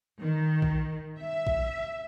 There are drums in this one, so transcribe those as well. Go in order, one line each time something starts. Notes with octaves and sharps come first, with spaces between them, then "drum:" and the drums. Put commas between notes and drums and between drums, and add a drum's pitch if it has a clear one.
D#3
drum: kick A1
E5
drum: kick A1